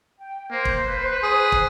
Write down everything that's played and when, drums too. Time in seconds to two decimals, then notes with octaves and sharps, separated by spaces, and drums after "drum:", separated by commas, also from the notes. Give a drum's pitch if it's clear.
0.19 G5
0.51 A#3 C5
0.65 drum: kick
0.87 B4
1.23 G#4
1.52 drum: kick